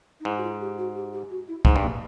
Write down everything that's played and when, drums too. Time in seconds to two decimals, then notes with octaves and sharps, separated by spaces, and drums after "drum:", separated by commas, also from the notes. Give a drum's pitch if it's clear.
0.20 D#4
0.25 G#2 E4
0.37 F#4
0.43 F4
0.61 G4
0.78 F#4
0.95 G4
1.12 G4
1.30 F#4
1.47 E4
1.65 G#2 D#4, drum: kick
1.76 G2
1.82 A#3